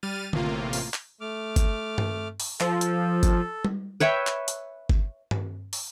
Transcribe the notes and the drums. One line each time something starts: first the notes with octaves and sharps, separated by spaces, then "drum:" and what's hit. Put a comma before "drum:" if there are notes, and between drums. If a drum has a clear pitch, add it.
G3 F6 A6 D#7
A1 A2 C3 A#3 F4, drum: tom D3
drum: open hi-hat
drum: clap
A3 D6 F6
drum: kick G1, hi-hat
drum: tom G2
drum: open hi-hat
F3 A4, drum: clap
drum: hi-hat
drum: kick G1, hi-hat
drum: tom G3
B4 C#5 E5 G5
drum: clap
drum: hi-hat
drum: kick G1
drum: tom G2
drum: open hi-hat